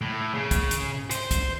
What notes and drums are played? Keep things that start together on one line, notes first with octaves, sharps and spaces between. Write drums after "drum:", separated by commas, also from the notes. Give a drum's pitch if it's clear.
A2
C#3
drum: kick, hi-hat
drum: hi-hat
C5, drum: hi-hat
drum: kick, hi-hat